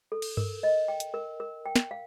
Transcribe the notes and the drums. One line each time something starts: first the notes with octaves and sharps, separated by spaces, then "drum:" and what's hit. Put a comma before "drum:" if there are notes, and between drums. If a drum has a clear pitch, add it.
A4
drum: cymbal
A#4, drum: tom G2
D#5
G5
drum: hi-hat
A#4
A#4
G5
drum: snare
F5